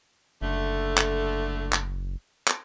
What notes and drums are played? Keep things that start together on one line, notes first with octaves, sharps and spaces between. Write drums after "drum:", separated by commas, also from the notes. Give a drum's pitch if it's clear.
F#1 D3 A3
drum: clap
drum: clap
drum: clap